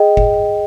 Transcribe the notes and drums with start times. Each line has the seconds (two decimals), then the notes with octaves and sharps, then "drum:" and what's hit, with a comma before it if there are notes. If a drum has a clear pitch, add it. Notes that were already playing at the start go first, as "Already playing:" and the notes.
Already playing: G#4 D#5 G5
0.17 drum: kick F#1